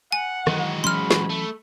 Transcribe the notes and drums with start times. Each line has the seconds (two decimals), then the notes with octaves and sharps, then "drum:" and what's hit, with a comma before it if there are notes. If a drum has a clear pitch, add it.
0.12 F#5 G#5
0.47 D#3 E3 F#3 G#3 F#4, drum: rim click
0.84 E3 F#3 C#4 B5 C6 F6
1.11 drum: snare
1.30 A3